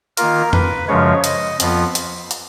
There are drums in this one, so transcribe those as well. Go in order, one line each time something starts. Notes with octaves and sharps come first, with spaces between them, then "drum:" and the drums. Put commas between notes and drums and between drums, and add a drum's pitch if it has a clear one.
D#3 A#3 F4 A#4, drum: hi-hat
B4, drum: tom F2
F#2 C#3 F3 G#3 C#5
D#5, drum: hi-hat
F2 F3 B3 F4, drum: hi-hat
drum: hi-hat
drum: hi-hat